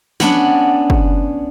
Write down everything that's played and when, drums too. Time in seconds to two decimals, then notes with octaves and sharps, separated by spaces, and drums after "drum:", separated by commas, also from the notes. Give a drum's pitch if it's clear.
0.20 B3 C#4 D4 F#5, drum: snare
0.90 drum: kick